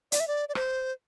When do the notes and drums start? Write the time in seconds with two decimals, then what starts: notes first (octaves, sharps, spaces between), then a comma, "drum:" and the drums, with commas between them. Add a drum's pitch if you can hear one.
0.12 D5, drum: hi-hat
0.20 E5
0.28 D5
0.49 D5
0.55 C5, drum: rim click